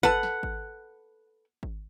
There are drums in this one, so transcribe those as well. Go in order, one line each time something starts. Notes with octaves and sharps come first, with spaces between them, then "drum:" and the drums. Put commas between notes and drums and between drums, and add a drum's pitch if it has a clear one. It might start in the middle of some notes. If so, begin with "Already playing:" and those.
A4 B4 F#5, drum: kick G#1
drum: snare
drum: kick G#1
drum: kick G#1